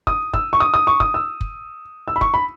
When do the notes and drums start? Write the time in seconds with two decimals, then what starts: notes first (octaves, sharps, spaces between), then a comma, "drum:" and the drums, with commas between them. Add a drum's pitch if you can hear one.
0.07 D#6, drum: kick
0.34 E6, drum: kick
0.53 C#6
0.60 D#6
0.74 D#6
0.87 C#6
1.00 D#6, drum: kick
1.14 E6
1.41 drum: kick
2.08 E6
2.16 B5
2.21 C#6, drum: kick
2.34 B5